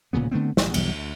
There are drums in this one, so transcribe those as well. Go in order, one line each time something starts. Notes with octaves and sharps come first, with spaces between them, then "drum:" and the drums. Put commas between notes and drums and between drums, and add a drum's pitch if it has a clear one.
D1 A#2 C#3 B3
D3 A3 B3 C4
A1, drum: snare
B1 E2 G2 G3, drum: cymbal
D2